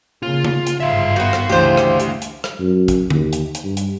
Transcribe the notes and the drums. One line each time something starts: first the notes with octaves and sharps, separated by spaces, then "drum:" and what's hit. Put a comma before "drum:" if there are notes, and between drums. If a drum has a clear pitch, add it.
C#3 A#3 F4
drum: tom C#3
drum: hi-hat
G1 G#2 F4 E5 F5 C6
D#3 B3 F#4
drum: rim click
C#2 E3 A3 D4 G4 C5
drum: rim click
drum: hi-hat
drum: hi-hat
drum: rim click
F#2
drum: kick, hi-hat
D#2, drum: tom D3
drum: hi-hat
drum: hi-hat
G2
drum: hi-hat